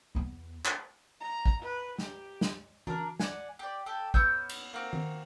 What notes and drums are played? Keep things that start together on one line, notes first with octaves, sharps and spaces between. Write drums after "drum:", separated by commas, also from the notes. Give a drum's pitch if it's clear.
E2 B3
drum: clap
A#5
drum: kick
B4
G4, drum: snare
drum: snare
D4 A#4, drum: tom E3
D5 F#5 G#5, drum: snare
G4 D5
G4 A4
B3 C#4 E6 G6, drum: kick
drum: cymbal
A#3 C4 F#4
drum: tom D#3